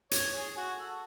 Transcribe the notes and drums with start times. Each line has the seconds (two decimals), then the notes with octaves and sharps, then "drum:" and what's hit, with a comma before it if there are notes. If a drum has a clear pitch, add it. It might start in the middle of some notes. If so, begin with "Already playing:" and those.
0.11 C#5, drum: hi-hat
0.31 G#4
0.57 F#4
0.77 A4